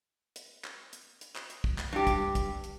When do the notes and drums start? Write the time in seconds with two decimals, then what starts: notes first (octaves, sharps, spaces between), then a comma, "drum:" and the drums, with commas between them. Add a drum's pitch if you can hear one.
0.36 drum: hi-hat
0.64 drum: clap
0.93 drum: hi-hat
1.21 drum: hi-hat
1.36 drum: clap
1.50 drum: hi-hat
1.64 drum: kick
1.78 drum: clap
1.93 G2 G4
2.07 drum: kick, hi-hat
2.35 drum: kick, hi-hat
2.64 drum: hi-hat